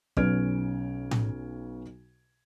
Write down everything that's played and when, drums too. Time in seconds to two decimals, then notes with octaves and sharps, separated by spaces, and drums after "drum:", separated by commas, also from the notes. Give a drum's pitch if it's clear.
0.17 B1 C#4 B4 F6 G#6 D7, drum: kick
1.11 drum: tom A2